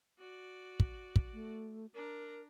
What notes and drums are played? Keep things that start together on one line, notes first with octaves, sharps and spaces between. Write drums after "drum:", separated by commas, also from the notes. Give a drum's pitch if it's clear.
F#4 D5
drum: kick
drum: kick
A3
D4 A#4 A#5